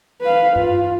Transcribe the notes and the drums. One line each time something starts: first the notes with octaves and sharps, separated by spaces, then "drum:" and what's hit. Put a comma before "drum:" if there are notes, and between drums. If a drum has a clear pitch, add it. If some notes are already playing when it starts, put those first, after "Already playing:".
B4 F5
F4, drum: tom